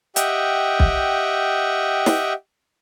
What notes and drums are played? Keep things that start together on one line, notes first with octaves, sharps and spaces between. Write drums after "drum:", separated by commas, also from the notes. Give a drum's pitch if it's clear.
G4 D#5 E5 F#5 G5, drum: hi-hat
drum: kick B1
drum: snare